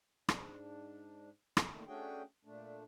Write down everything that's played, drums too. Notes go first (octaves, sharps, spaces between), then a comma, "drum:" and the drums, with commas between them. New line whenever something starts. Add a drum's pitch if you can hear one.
G#2 D4, drum: rim click
drum: rim click
A#2 D#3 A3
A3 C#4 D4 F#4 G#4 G5
A#2 A3 D4